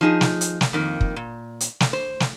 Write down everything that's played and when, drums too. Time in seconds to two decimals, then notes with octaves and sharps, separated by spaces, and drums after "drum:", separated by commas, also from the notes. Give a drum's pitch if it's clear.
0.01 F3 D#4 G#4
0.21 drum: snare
0.41 drum: hi-hat
0.61 drum: snare
0.73 F2 D#3 A#3
1.01 drum: kick
1.16 A#2
1.60 drum: hi-hat
1.80 drum: snare
1.93 C5
2.20 drum: snare